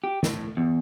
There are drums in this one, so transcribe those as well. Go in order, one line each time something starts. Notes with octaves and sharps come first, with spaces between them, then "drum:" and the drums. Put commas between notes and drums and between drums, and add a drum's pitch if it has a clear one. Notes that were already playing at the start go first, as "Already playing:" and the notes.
G4
A2, drum: snare
E2